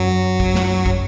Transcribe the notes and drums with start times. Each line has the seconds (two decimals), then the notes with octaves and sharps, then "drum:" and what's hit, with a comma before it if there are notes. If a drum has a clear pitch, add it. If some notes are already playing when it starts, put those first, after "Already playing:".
Already playing: F#2 F#3
0.40 drum: kick
0.55 drum: snare
0.86 drum: kick